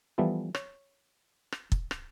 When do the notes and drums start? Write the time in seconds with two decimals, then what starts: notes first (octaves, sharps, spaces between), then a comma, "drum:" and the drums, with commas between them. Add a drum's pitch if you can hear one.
0.18 E3 F3 G3 B3 E4 A4
0.55 C#5, drum: rim click
1.52 drum: rim click
1.72 drum: kick
1.91 drum: rim click